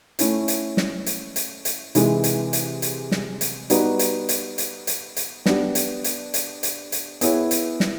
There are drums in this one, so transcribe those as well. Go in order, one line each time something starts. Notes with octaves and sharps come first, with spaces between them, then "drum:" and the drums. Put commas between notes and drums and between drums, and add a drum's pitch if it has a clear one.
A3 C#4 E4, drum: hi-hat
drum: hi-hat
drum: snare
drum: hi-hat
drum: hi-hat
drum: hi-hat
C3 E3 G#3, drum: hi-hat
drum: hi-hat
drum: hi-hat
drum: hi-hat
drum: snare
drum: hi-hat
G3 B3 D#4 F#4 B4, drum: hi-hat
drum: hi-hat
drum: hi-hat
drum: hi-hat
drum: hi-hat
drum: hi-hat
B3 D4 G4, drum: snare
drum: hi-hat
drum: hi-hat
drum: hi-hat
drum: hi-hat
drum: hi-hat
B3 E4 G#4 C#5, drum: hi-hat
drum: hi-hat
drum: snare